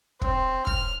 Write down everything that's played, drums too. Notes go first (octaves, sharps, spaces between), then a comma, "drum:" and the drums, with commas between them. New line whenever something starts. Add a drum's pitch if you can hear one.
C4, drum: kick
F6, drum: kick